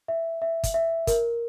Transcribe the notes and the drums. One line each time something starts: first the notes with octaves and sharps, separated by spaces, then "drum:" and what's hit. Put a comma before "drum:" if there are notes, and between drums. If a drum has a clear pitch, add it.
E5
E5
drum: kick, hi-hat
E5
A#4, drum: kick, hi-hat